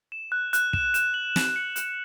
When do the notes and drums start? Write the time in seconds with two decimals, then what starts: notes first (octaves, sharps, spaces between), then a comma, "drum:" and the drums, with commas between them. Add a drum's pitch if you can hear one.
0.12 E7
0.32 F#6
0.53 F#6, drum: hi-hat
0.73 E7, drum: kick
0.94 E7, drum: hi-hat
1.14 F#7
1.36 F#7, drum: snare
1.56 C#7
1.76 F#6, drum: hi-hat